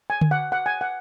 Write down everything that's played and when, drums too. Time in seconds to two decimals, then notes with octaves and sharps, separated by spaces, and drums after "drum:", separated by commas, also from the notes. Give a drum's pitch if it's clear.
0.10 G#5
0.21 drum: tom D3
0.31 F#5
0.52 F#5
0.66 G#5
0.81 F#5